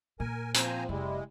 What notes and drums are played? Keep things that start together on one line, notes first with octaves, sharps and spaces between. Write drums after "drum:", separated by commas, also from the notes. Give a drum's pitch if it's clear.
A#2 A#4 G#5
F3 C4 C5 G#5 A#5, drum: hi-hat
F1 G3 G#3 E4